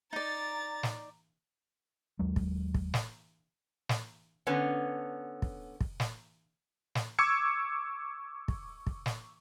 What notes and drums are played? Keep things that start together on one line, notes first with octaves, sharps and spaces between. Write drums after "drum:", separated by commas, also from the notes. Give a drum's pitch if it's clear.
D#4 D5 A#5 A6
drum: snare
D#2 F#3 G#3
drum: kick
drum: kick
drum: snare
drum: snare
D3 B3 C#4
drum: kick
drum: kick
drum: snare
drum: snare
C#6 D6 E6 G#6 C#7
drum: kick
drum: kick
drum: snare